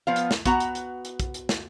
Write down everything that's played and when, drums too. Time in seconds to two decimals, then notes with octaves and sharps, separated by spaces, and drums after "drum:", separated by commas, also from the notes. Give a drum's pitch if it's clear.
0.07 F3 B3 F5
0.16 drum: hi-hat
0.31 drum: snare
0.46 B3 F#4 F#5 A#5, drum: kick, hi-hat
0.60 drum: hi-hat
0.75 drum: hi-hat
1.05 drum: hi-hat
1.20 drum: kick, hi-hat
1.34 drum: hi-hat
1.49 drum: snare